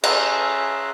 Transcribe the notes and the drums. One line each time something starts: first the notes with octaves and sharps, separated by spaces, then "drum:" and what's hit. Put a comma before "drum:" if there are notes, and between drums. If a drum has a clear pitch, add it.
C#4 G#4 E5 A#5 C6 F#6, drum: cymbal